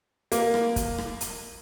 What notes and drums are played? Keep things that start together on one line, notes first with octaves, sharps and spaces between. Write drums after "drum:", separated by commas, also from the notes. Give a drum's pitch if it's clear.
A#3, drum: hi-hat
drum: rim click
drum: kick, hi-hat
drum: rim click
drum: hi-hat